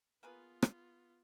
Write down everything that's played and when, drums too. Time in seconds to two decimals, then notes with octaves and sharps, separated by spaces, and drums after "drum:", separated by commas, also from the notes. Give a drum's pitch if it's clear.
0.23 A#3 B3 F4 G#4 B4
0.63 drum: rim click